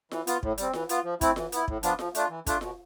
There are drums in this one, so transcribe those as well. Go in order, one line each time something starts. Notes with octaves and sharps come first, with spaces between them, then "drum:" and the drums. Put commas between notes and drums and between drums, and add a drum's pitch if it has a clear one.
E3, drum: snare F4
B3 F4, drum: hi-hat
A2, drum: kick
G3 C4, drum: hi-hat
E3, drum: snare F4
B3 F4, drum: hi-hat
F3
A3 C4 E4, drum: kick, hi-hat
E3, drum: snare F4
B3 E4, drum: hi-hat
A2, drum: kick
F3 B3 D4 F4, drum: hi-hat
F3, drum: snare F4
A3 D4 F4, drum: hi-hat
E3
A3 D4 F4, drum: kick, hi-hat
B2, drum: snare F4